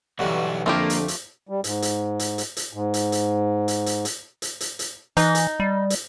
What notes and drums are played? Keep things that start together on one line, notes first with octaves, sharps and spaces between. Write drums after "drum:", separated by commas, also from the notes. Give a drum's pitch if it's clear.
B1 G2 D3 E3 F#4
F2 D3 A3 A#3 F4 G4
drum: hi-hat
drum: hi-hat
G3
G#2, drum: hi-hat
drum: hi-hat
drum: hi-hat
drum: hi-hat
drum: hi-hat
G#2
drum: hi-hat
drum: hi-hat
drum: hi-hat
drum: hi-hat
drum: hi-hat
drum: hi-hat
drum: hi-hat
drum: hi-hat
E3 D#4, drum: hi-hat
drum: hi-hat
G3
drum: hi-hat